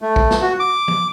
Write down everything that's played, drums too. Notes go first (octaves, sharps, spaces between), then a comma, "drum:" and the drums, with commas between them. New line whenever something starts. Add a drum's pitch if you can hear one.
A3
drum: kick
drum: snare
F#4
D6
drum: tom E3